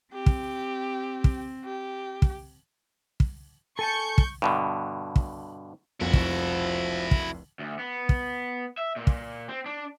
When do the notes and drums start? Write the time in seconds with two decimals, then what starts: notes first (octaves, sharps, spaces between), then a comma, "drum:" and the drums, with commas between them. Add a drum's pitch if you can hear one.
0.13 C4 G4
0.26 drum: kick
1.24 drum: kick
1.65 G4
2.22 drum: kick
3.20 drum: kick
3.79 A4 G#5 A5 C#6 G6 C#7
4.18 drum: kick
4.42 G2 B2 D3
5.16 drum: kick
6.01 F1 C2 F2 F3 E4 F#4
6.13 drum: kick
7.11 drum: kick
7.59 D2
7.79 B3
8.09 drum: kick
8.77 E5
8.96 A#2
9.07 drum: kick
9.48 C4
9.66 D4